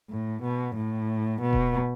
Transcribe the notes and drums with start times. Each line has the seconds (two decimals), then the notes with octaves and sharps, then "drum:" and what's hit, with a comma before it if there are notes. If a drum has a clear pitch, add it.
0.10 A2
0.43 B2
0.76 A2
1.42 B2
1.53 drum: kick D#1